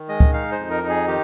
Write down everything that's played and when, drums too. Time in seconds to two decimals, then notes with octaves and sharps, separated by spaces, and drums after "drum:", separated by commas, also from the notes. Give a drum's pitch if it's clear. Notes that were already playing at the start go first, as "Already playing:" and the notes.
Already playing: D#3
0.09 G#3 D#5
0.20 drum: kick C#2
0.34 D#4 F5
0.52 C5
0.59 F2
0.70 A#4
0.83 D#4
0.89 G#4
1.07 D#3 G4